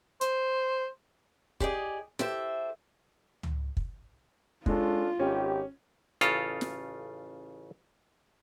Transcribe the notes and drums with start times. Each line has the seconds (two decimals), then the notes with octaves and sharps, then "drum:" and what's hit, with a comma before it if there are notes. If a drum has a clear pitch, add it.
0.21 C5, drum: hi-hat
1.60 G4 G#4 D5 D#5, drum: kick
2.19 G4 A4 C5 E5, drum: snare
3.43 drum: tom C#2
3.77 drum: kick
4.66 G#3 C#4 D4 F4 A4, drum: kick
5.19 G#1 C#4 G4
6.21 A1 C#3 F4 A4 A#5, drum: hi-hat
6.61 drum: snare